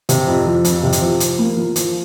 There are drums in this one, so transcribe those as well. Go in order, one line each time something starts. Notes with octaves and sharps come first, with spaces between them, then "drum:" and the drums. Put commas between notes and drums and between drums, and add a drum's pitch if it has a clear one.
C3, drum: hi-hat
F2
F3
F2, drum: hi-hat
C3
drum: hi-hat
F3
F3, drum: hi-hat
A#3
F3
F3, drum: hi-hat